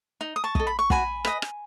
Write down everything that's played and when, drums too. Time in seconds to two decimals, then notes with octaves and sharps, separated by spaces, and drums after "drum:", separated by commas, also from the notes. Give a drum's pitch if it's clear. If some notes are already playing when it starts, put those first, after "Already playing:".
0.21 D#4
0.36 D#6
0.44 A5 C#6
0.55 A4 D#5, drum: kick
0.67 B5
0.79 C#6
0.90 F#4 G#5 B5, drum: kick
1.25 B4 D#5, drum: rim click
1.42 drum: rim click